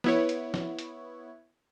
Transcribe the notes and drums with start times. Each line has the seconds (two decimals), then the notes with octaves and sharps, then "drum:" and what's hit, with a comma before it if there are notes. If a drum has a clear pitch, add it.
0.04 B3 E4 C#5, drum: snare
0.29 drum: hi-hat
0.54 drum: snare
0.79 drum: hi-hat